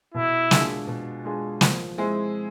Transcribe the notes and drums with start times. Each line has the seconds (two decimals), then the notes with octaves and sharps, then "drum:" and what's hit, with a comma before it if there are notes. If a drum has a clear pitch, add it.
0.14 B2 E4
0.51 G#3 D4 F4 G#4, drum: snare
0.87 B2
1.25 G#3 D4 F4 G#4
1.61 F3, drum: snare
1.98 G#3 C4 E4 G#4